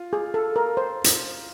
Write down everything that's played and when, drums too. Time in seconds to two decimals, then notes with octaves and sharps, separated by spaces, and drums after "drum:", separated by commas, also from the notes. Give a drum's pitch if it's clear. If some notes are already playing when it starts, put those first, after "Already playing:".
Already playing: F4
0.13 G#4
0.34 A4
0.56 A#4
0.77 C5
1.04 drum: hi-hat